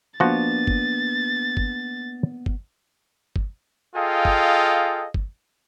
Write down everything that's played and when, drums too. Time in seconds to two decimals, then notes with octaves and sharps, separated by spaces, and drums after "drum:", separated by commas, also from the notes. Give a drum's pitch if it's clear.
0.20 F3 A#3 B3 D4 F#4 A6
0.67 drum: kick G1
1.57 drum: kick G1
2.46 drum: kick G1
3.36 drum: kick G1
3.95 F4 G#4 A4 D#5 F5 G5
4.25 drum: kick G1
5.14 drum: kick G1